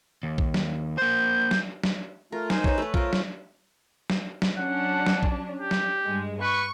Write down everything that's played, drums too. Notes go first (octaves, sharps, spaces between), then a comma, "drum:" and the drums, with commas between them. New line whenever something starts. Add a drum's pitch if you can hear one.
D#2
drum: kick A#1
drum: snare
A#3 C5 G6
drum: snare
drum: snare
A3 F4 A#4
D#4 C5 G#5, drum: snare
B4 C#5, drum: kick A#1
A3 B4
F4 A#4 C5, drum: kick A#1
drum: snare
drum: snare
drum: snare
F#3 C#4 D4 F#5
drum: snare
drum: kick A#1
G4
drum: snare
G2 G#3
B4 C#6